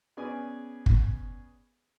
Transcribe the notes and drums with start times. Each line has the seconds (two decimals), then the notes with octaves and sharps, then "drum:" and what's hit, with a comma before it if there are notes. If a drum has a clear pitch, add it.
0.17 B3 C#4 G#4 D5 G#5
0.86 drum: kick